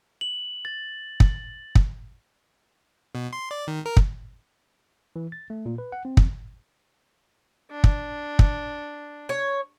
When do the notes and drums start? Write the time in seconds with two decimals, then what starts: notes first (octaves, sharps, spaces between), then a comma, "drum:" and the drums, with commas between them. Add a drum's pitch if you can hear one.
0.21 F#7
0.65 A6
1.20 drum: kick
1.75 drum: kick
3.15 B2
3.33 C6
3.51 D5
3.67 D#3
3.86 A#4
3.97 drum: kick
5.16 E3
5.32 A6
5.50 A3
5.66 A#2
5.78 B4
5.92 F#5
6.05 C4
6.17 F2, drum: kick
7.71 D4
7.84 drum: kick
8.39 drum: kick
9.29 C#5